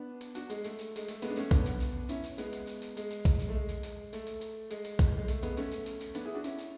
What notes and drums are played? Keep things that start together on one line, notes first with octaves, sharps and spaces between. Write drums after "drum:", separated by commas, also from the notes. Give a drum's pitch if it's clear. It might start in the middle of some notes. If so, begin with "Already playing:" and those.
Already playing: B3 D4
drum: tambourine
D4 F#4, drum: tambourine
G#3, drum: tambourine
A3, drum: tambourine
drum: tambourine
G#3, drum: tambourine
A3, drum: tambourine
G#3 B3, drum: tambourine
D4
A3 C#4, drum: tambourine
B3 D4, drum: kick A#1, tambourine
drum: tambourine
drum: tambourine
C#4 E4, drum: tambourine
drum: tambourine
G#3 B3, drum: tambourine
drum: tambourine
drum: tambourine
drum: tambourine
G#3, drum: tambourine
drum: tambourine
drum: kick A#1, tambourine
drum: tambourine
A3
G#3
drum: tambourine
drum: tambourine
A3, drum: tambourine
drum: tambourine
drum: tambourine
G#3, drum: tambourine
drum: tambourine
drum: kick A#1, tambourine
G#3
A3, drum: tambourine
G#3 B3, drum: tambourine
A3 C#4, drum: tambourine
drum: tambourine
drum: tambourine
drum: tambourine
B3 D4, drum: tambourine
E4 G#4
D4 F#4
C#4 E4, drum: tambourine
drum: tambourine